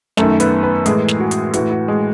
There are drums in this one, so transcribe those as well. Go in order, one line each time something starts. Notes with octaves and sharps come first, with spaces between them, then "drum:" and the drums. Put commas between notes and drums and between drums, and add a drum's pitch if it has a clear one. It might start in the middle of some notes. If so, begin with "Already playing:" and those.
F#2 D#3 A3 A4, drum: snare
B3 B4, drum: hi-hat
B3 B4
A2 E3 G#3 G#4, drum: hi-hat
drum: snare
F#4
drum: hi-hat
A2 E3 F#4, drum: hi-hat
F#4
G#3 G#4